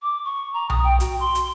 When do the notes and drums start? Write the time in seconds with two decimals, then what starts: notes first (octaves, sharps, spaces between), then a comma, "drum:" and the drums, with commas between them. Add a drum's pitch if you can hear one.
0.02 D6
0.25 C#6
0.53 A#5
0.70 D#6, drum: tom B1
0.84 G5
1.00 F#4, drum: hi-hat
1.20 C6
1.35 drum: hi-hat